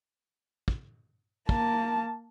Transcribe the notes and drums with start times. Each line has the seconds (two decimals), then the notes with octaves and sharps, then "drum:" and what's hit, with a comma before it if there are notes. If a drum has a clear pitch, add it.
0.68 drum: kick
1.49 A#3 A5, drum: kick